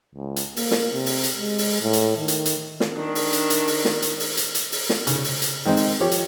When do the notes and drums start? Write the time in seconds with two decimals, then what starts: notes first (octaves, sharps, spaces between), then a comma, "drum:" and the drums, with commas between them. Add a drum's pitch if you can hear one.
0.15 C#2
0.36 drum: hi-hat
0.56 A#3, drum: open hi-hat
0.71 drum: snare
0.92 C3
1.06 drum: open hi-hat
1.23 drum: hi-hat
1.37 G#3
1.58 drum: open hi-hat
1.81 A2
1.93 drum: hi-hat
2.18 D#3
2.28 drum: hi-hat
2.45 drum: hi-hat
2.80 drum: snare
2.94 D#3 D4
3.15 drum: open hi-hat
3.33 drum: hi-hat
3.50 drum: hi-hat
3.67 drum: open hi-hat
3.85 drum: snare
4.02 drum: hi-hat
4.20 drum: open hi-hat
4.37 drum: hi-hat
4.55 drum: hi-hat
4.72 drum: open hi-hat
4.89 drum: snare
5.07 C#3, drum: hi-hat
5.24 drum: open hi-hat
5.42 drum: hi-hat
5.65 D#3 G#3 C4 D#4
5.77 drum: open hi-hat
6.00 F3 G4 C#5
6.11 drum: hi-hat